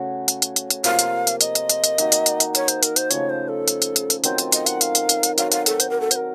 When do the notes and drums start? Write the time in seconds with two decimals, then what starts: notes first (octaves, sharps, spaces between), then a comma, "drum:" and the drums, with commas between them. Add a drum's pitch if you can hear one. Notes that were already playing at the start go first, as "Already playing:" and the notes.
Already playing: C#3 A3 C#4 F#4
0.28 drum: hi-hat
0.42 drum: hi-hat
0.56 drum: hi-hat
0.70 drum: hi-hat
0.84 C3 F3 A#3 F4 F5, drum: hi-hat
0.99 drum: hi-hat
1.27 drum: hi-hat
1.41 D#5, drum: hi-hat
1.55 drum: hi-hat
1.69 drum: hi-hat
1.84 drum: hi-hat
1.98 D#3 A#3 D#4 F#4, drum: hi-hat
2.12 drum: hi-hat
2.26 drum: hi-hat
2.40 drum: hi-hat
2.55 C#5, drum: hi-hat
2.68 C5, drum: hi-hat
2.83 A#4, drum: hi-hat
2.96 C5, drum: hi-hat
3.11 C#3 F3 A3 C#5, drum: hi-hat
3.30 C5
3.49 A4
3.68 drum: hi-hat
3.82 drum: hi-hat
3.96 drum: hi-hat
4.10 drum: hi-hat
4.24 D#3 F#3 C4 F4 C5, drum: hi-hat
4.38 drum: hi-hat
4.52 D#5, drum: hi-hat
4.66 F#5, drum: hi-hat
4.81 F5, drum: hi-hat
4.95 drum: hi-hat
5.09 drum: hi-hat
5.23 drum: hi-hat
5.38 F#3 C4 F#4 F5, drum: hi-hat
5.52 F5, drum: hi-hat
5.66 A4, drum: hi-hat
5.80 C5, drum: hi-hat
5.90 A#4
6.01 A4
6.11 C5, drum: hi-hat
6.16 A#4